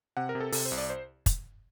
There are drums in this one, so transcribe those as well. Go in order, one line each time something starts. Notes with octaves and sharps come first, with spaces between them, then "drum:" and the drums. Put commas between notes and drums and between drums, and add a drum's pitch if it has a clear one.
C3 F#5
A#4
C3
A4
C3 A4, drum: open hi-hat
C5
C2
D5
C5
drum: kick, hi-hat